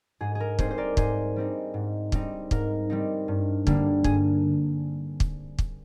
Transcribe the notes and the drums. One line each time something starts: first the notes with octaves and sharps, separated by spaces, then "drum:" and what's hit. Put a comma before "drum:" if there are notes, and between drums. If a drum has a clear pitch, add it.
G#2 G#4
G#4
A#4
G3 C4 D#4 G#4 C5, drum: kick
C5
A#4 D5
G#2 G#4 C5, drum: kick
G3 C4 D#4
G#2
G3 C4 D#4, drum: kick
G#2 A#4, drum: kick
G3 C4 D#4
G2
D3 G3 A#3, drum: kick
G2 G#4, drum: kick
drum: kick
drum: kick